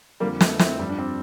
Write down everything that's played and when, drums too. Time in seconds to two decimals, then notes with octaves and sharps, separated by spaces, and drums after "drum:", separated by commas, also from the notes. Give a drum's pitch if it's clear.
0.20 F2 D3 F3 G3 A#3
0.41 A3, drum: snare
0.59 C4 E4, drum: snare
0.79 G2 F3 G3
0.89 D4
0.99 C4